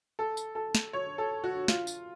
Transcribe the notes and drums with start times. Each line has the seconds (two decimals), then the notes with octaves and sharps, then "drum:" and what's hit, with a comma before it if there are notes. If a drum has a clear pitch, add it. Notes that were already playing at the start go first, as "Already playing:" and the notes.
0.19 A4
0.37 drum: tambourine
0.55 A4
0.75 drum: snare
0.93 C#5
1.18 A4
1.44 F#4
1.68 F4, drum: snare
1.87 drum: tambourine